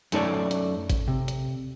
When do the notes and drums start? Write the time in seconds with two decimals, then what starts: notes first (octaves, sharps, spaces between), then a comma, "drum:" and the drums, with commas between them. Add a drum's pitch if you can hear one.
0.12 F#2 A3 D#4 A4 C#5 D5, drum: hi-hat
0.51 drum: hi-hat
0.89 drum: kick, hi-hat
1.08 C3
1.28 drum: hi-hat